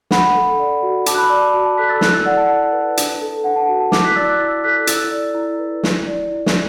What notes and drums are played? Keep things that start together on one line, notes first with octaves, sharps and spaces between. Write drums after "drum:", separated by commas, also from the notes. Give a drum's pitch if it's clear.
D4 F#5 B5, drum: snare
A4
D5
F#4
F#4 A5 D6, drum: hi-hat
F#6
B5 E6
D5 A5 D6
A5
F#4 A5
A5
A4 F#6 B6
E6 A6
E4 F#6, drum: snare
E6 A6
D5 F#5
A5
E4
B4
D4, drum: hi-hat
A4
D4 F#5
A5
F#4
A5
E4 A5 D6, drum: snare
F#6 B6
D5 E6 A6
D6 F#6
E4 E6 A6
A4 F#6 B6
E4 E6 A6, drum: hi-hat
D5
E4
B4
E4, drum: snare
D5
E4
drum: snare